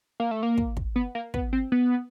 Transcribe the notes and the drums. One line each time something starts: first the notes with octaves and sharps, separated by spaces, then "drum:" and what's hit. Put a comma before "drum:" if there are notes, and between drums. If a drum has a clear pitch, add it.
A#3
A3
A#3
drum: kick
drum: kick
B3
A#3
B3, drum: kick
C4
B3